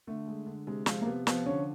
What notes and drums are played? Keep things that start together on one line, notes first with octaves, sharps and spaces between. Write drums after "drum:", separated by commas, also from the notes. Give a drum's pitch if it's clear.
D3 A3
G#3
D3
C3 G#3
F3 G#3, drum: snare
A#3
C3 B3
F3 B3, drum: snare
D3 C#4